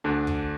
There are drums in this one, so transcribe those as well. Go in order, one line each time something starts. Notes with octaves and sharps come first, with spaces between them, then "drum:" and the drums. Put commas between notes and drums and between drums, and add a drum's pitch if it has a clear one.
D2 D3 D4
drum: kick